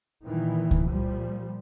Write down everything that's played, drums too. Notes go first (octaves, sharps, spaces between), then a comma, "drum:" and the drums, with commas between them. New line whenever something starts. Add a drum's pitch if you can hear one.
A#2 D#3 E3
drum: kick C#2
A#2 F3 G3